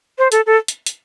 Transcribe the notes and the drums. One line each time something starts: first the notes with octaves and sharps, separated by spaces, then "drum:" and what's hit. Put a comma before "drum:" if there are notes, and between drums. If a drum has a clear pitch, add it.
C5
A4, drum: hi-hat
A4
drum: hi-hat
drum: hi-hat